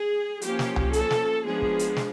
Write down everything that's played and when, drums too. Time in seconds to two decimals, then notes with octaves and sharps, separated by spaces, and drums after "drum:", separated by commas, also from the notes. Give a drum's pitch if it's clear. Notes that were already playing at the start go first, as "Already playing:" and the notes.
Already playing: G#4
0.42 F3 A#3 C#4 G4, drum: hi-hat
0.59 drum: snare
0.76 drum: tom C2
0.93 A4, drum: hi-hat
1.11 drum: snare
1.44 F3 G#3 B3 D4 G#4
1.62 drum: kick
1.79 drum: hi-hat
1.96 drum: snare